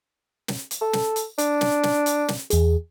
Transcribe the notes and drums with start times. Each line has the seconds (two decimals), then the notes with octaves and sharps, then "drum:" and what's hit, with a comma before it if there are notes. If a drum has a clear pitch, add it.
0.48 drum: snare
0.71 drum: hi-hat
0.81 A4
0.93 drum: snare
1.16 drum: hi-hat
1.38 D4, drum: hi-hat
1.61 drum: snare
1.83 drum: snare
2.06 drum: hi-hat
2.28 drum: snare
2.50 E2 G#4, drum: hi-hat